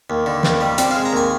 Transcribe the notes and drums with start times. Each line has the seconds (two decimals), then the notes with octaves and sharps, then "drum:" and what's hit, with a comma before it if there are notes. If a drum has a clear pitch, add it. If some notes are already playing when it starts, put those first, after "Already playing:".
0.10 D#2
0.26 D3
0.43 D#2, drum: snare
0.61 G3
0.78 C4 D5, drum: hi-hat
0.91 F5
0.95 G#3
1.05 A#5
1.13 D#2 G#5